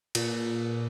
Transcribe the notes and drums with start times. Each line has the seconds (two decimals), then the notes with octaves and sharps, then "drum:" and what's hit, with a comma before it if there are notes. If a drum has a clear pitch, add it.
0.15 A#2, drum: cymbal